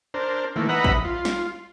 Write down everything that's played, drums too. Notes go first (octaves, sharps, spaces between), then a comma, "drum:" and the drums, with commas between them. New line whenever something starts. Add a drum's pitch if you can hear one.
D4 A#4 C5
D#3 E3 A3 A#3
B4 D#5 E5 F#5 A#5 B5
drum: kick A1
F4
drum: snare